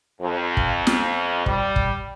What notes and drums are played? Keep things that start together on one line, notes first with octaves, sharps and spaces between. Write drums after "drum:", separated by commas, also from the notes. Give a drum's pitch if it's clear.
F2
drum: kick
drum: snare
G3, drum: kick
drum: kick